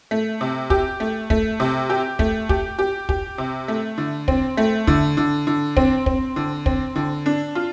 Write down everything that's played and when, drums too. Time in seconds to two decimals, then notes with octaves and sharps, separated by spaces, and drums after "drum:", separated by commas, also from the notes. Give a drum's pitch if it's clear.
0.11 A3
0.41 C3
0.70 G4, drum: kick
1.00 A3
1.30 A3, drum: kick
1.60 C3
1.90 G4
2.19 A3, drum: kick
2.49 G4, drum: kick
2.79 G4
3.09 G4, drum: kick
3.38 C3
3.68 A3
3.98 D3
4.28 C4, drum: kick
4.57 A3
4.87 D3, drum: kick
5.17 D3
5.47 D3
5.77 C4, drum: kick
6.06 C4, drum: kick
6.36 D3
6.66 C4, drum: kick
6.96 D3
7.26 D4
7.55 F4